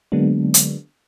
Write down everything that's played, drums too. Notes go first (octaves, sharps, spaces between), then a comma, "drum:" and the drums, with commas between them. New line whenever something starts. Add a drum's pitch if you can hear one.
D3 F#3 G#3 A#3 B3 D4
drum: hi-hat